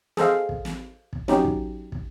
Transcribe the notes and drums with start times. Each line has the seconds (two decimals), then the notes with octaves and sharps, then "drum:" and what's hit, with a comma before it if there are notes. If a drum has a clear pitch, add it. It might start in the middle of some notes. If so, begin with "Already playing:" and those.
0.17 G#4 A4 C5 D#5 F5, drum: snare
0.49 drum: kick
0.65 drum: snare
1.13 drum: kick
1.28 F#3 C#4 D#4 G4, drum: snare
1.44 drum: kick
1.92 drum: kick